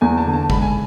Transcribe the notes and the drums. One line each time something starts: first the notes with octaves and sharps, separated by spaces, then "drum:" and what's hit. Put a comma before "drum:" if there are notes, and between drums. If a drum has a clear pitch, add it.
E2 G#5
A5
D3
A5
G#3 B5, drum: kick
G#5